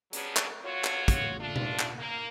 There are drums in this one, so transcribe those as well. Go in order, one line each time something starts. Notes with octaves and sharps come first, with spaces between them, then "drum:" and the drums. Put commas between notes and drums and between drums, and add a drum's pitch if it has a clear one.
F#3 G3 B3 C#4 D4 G#4, drum: hi-hat
drum: clap
F4 F#4 C#5
drum: clap
drum: kick, hi-hat
A3 D4 F4
drum: tom B2
drum: clap
A#3